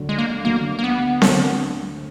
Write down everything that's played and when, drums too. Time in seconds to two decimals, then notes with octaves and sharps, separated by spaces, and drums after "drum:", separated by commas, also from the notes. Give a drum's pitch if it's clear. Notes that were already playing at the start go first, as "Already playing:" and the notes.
Already playing: D2 D3 F#3 D4 F#4
0.09 G#3
0.18 A#3
0.44 D2 D3 F#3 A#3 D4 F#4
0.79 A#3
0.84 B3
1.22 D2 D3 F#3 D4 F#4, drum: snare C4